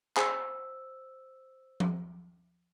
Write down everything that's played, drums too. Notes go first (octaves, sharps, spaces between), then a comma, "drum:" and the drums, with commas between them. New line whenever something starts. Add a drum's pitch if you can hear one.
G#4 C5 E6, drum: clap
drum: tom F3